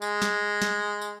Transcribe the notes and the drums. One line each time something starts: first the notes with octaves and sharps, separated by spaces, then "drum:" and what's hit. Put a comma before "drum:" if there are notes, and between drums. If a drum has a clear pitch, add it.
G#3, drum: tambourine
drum: snare
drum: snare
drum: tambourine